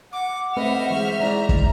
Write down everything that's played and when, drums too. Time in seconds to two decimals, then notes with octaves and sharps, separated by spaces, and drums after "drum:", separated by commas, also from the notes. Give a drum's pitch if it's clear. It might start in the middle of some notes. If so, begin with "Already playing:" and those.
0.13 F#5 D6
0.57 A3 C4 B4 C5 D#5 E5 F6
0.90 E3 G#3 C#6
1.20 G#3 E4 D5 A#5
1.49 drum: kick